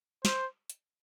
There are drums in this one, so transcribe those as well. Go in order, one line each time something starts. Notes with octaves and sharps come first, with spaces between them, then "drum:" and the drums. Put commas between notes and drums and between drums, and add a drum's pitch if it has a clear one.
C5, drum: snare
drum: hi-hat